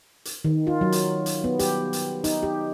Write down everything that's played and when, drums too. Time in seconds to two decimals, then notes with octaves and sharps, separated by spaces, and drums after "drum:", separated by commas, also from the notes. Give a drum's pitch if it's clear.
0.25 drum: hi-hat
0.44 D#3
0.67 F4
0.81 F#3
0.92 drum: hi-hat
1.26 drum: hi-hat
1.44 B3
1.59 G4, drum: hi-hat
1.93 drum: hi-hat
2.24 D#4, drum: hi-hat
2.43 G4